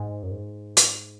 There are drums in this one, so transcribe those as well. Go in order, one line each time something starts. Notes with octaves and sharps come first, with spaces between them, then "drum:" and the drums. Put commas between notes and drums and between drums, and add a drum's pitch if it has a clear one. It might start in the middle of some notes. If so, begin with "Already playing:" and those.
Already playing: G#2
F#2
G#2
drum: hi-hat